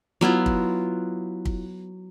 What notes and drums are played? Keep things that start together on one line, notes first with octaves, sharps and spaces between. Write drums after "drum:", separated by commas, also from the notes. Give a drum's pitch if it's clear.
F#3 B3 E4 F4
drum: kick
drum: kick